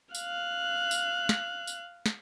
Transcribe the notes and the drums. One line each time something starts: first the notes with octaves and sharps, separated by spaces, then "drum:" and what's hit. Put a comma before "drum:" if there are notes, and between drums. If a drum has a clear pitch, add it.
F5 F#6, drum: tambourine
drum: tambourine
drum: snare
drum: tambourine
drum: snare